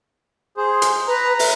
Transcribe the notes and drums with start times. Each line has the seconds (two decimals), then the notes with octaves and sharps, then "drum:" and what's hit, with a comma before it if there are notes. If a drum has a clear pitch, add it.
0.57 G#4 C5
0.82 drum: hi-hat
1.07 B4 A#5
1.39 E5, drum: open hi-hat